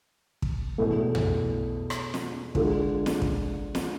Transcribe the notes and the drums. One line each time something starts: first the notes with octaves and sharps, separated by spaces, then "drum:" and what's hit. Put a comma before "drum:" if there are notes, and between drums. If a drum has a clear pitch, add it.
drum: kick
E2 B2 A3
drum: tom
drum: rim click
drum: snare
D3 G#3 D4 F4, drum: kick
drum: snare
drum: kick
drum: snare